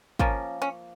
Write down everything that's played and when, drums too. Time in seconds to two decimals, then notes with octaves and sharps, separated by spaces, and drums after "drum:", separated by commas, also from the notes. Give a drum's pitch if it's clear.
0.19 F3 A#3 C#4, drum: kick
0.62 C#4